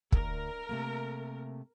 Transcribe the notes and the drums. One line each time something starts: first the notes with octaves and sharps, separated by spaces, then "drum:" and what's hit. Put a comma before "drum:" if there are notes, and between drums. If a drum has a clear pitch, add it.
D2 A#4, drum: kick
C3 A3 A#3